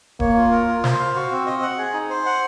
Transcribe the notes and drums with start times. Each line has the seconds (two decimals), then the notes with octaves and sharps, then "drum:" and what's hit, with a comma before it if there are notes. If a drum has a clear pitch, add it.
0.20 A#3 C#5, drum: kick D#1
0.37 F4
0.51 A#4
0.68 F4
0.84 C5, drum: snare
1.00 F5
1.16 F#4
1.31 C4
1.46 D#5
1.62 F#5
1.78 G#4
1.93 D#4
2.10 C5
2.26 F#5